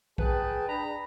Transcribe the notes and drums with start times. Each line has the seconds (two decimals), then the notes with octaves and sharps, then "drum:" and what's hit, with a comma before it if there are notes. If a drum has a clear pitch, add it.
0.18 G#4 B4 G5 A5, drum: kick A#1
0.68 D4 A#5 B5